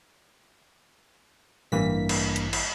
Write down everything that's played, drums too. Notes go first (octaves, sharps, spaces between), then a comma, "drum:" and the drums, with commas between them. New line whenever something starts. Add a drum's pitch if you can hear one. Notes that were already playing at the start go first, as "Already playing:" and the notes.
A1 G2 E3 A#3 B6
drum: cymbal
drum: hi-hat
drum: cymbal